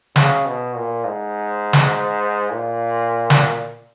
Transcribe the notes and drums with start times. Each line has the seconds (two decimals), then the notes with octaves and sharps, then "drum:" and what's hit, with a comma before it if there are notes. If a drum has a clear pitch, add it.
0.16 C#3, drum: snare
0.46 B2
0.75 A#2
1.04 G#2
1.73 drum: snare
2.52 A#2
3.30 drum: snare